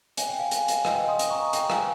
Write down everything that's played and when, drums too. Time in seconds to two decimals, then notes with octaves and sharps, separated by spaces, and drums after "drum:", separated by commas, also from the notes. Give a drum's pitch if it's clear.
0.17 G#5, drum: hi-hat
0.29 G5
0.39 F5 G#5
0.51 drum: hi-hat
0.68 drum: hi-hat
0.85 D#5 G5, drum: rim click
1.08 C6 D#6
1.19 drum: hi-hat
1.30 A#5 C#6
1.53 G5 A#5, drum: hi-hat
1.70 F5 G#5, drum: rim click